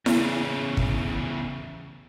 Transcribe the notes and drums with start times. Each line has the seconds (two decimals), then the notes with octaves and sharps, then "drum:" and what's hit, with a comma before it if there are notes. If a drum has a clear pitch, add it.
0.06 E2 C#3, drum: snare E4
0.77 drum: kick